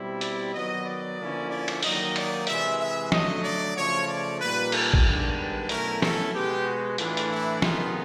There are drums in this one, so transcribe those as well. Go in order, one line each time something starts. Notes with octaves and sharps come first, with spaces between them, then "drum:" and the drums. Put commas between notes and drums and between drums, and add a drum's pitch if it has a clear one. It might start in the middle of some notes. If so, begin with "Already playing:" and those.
Already playing: B2 G3 C4 E4
D5, drum: hi-hat
D#3 F#3 B3 D#5
D5
D3 F3 A#3 C#4 E4
D5
drum: cymbal
D#3 F#3 A#3 D#4 D#5, drum: open hi-hat
D5, drum: cymbal
C3 E3 G#3 E5, drum: hi-hat
E5
D3 F#3 A3 D#5, drum: snare
D5
C#3 F3 A3 C#5
D5
A#2 G3 A#3 D#4 B4
A4, drum: cymbal
drum: kick
G2 D#3 G#3 B3 D4
B4
B2 F#3 A3 C#4 E4 A#4, drum: hi-hat
A4, drum: snare
B2 G#3 B3 G4
F#4
A2 E3 A3 D4 F4, drum: hi-hat
drum: hi-hat
E4
C3 D#3 G#3 B3 D#4 F4, drum: snare